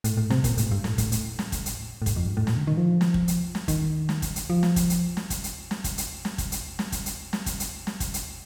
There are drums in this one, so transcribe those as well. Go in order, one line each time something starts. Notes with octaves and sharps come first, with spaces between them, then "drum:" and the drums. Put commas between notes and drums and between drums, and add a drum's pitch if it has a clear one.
A2, drum: hi-hat
A2
C3, drum: snare
A#2, drum: kick, hi-hat
A2, drum: hi-hat
G2
A2, drum: snare
A2, drum: kick, hi-hat
A2, drum: hi-hat
drum: snare
drum: kick, hi-hat
drum: hi-hat
A2
G2, drum: kick, hi-hat
F2
G2
A2
A#2, drum: snare
D3
D#3
F3
drum: snare
drum: kick
drum: hi-hat
drum: snare
D#3, drum: kick, hi-hat
drum: snare
drum: kick, hi-hat
drum: hi-hat
F3
drum: snare
drum: kick, hi-hat
drum: hi-hat
drum: snare
drum: kick, hi-hat
drum: hi-hat
drum: snare
drum: kick, hi-hat
drum: hi-hat
drum: snare
drum: kick, hi-hat
drum: hi-hat
drum: snare
drum: kick, hi-hat
drum: hi-hat
drum: snare
drum: kick, hi-hat
drum: hi-hat
drum: snare
drum: kick, hi-hat
drum: hi-hat